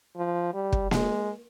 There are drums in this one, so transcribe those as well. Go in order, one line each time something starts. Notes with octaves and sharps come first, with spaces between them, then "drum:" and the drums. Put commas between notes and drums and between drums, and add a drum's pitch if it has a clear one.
F3
G3
drum: kick
G#3, drum: snare A#3